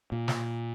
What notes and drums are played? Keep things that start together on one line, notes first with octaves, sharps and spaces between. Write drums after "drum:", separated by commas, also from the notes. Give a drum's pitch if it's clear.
A#2
drum: snare